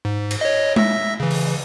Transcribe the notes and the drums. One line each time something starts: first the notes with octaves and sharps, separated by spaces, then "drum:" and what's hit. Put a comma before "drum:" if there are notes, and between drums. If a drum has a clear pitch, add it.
G#2
drum: cymbal
C#5 D#5
E5 E6 A#6, drum: tom G#3
C#3 E3
drum: open hi-hat